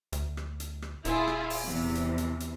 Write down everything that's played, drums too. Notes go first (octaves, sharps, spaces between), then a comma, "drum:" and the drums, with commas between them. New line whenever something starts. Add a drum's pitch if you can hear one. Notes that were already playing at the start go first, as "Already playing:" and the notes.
D2, drum: hi-hat
drum: rim click
drum: hi-hat
drum: rim click
D#1 E4 F4 G#4, drum: hi-hat
drum: rim click
drum: open hi-hat
E2 C3 E3
drum: hi-hat
drum: hi-hat
drum: hi-hat